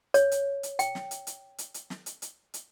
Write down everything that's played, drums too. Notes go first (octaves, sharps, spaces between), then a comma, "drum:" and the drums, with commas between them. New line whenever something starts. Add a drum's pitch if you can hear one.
C#5, drum: hi-hat
drum: hi-hat
drum: hi-hat
G5, drum: hi-hat
drum: snare
drum: hi-hat
drum: hi-hat
drum: hi-hat
drum: hi-hat
drum: snare
drum: hi-hat
drum: hi-hat
drum: hi-hat